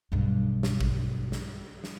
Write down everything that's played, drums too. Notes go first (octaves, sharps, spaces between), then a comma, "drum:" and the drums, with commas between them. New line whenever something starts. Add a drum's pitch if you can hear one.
B1 G2
drum: snare
drum: kick A1
drum: snare
drum: snare